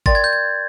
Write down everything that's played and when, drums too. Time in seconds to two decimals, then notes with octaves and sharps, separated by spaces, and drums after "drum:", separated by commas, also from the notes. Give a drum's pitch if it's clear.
0.06 A#4 D5 G5 C6 A6, drum: kick
0.15 G#6
0.24 G6
0.33 G#6